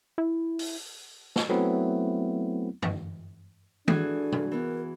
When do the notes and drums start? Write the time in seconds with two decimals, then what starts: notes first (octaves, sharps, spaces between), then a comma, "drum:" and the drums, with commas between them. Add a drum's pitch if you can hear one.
0.18 E4
0.59 drum: open hi-hat
1.36 drum: snare
1.49 F#3 A3 B3 C4 E4
2.82 drum: tom
3.88 E3 D4 F#4 G#4 A4, drum: tom D#3
4.32 drum: tom C3
4.51 E3 B3 A#4